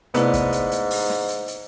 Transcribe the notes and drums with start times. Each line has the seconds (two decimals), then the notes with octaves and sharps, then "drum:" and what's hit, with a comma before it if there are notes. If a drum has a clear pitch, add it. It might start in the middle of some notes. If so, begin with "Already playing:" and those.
0.14 G#2 C3 A3 B3 E4 D5, drum: hi-hat
0.33 drum: kick G1, hi-hat
0.52 drum: hi-hat
0.72 drum: hi-hat
0.91 drum: open hi-hat
1.10 drum: snare
1.29 drum: hi-hat
1.48 drum: hi-hat